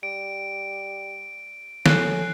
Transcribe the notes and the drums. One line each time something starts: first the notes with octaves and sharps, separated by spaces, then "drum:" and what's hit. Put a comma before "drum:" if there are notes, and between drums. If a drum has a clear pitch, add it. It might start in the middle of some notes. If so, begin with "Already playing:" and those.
G3 D7
A#1 A2 C#4 A5 F#6 C7, drum: snare